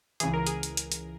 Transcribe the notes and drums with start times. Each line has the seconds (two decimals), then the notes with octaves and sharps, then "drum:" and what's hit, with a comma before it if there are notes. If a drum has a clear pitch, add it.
0.20 C#2 C#3 E3 G#4, drum: hi-hat
0.33 A#4
0.47 G#4, drum: hi-hat
0.63 drum: hi-hat
0.77 drum: hi-hat
0.92 drum: hi-hat